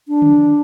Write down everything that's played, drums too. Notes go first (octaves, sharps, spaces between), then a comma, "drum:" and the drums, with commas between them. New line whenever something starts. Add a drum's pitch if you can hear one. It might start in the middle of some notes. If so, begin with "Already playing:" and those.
D4
drum: tom D3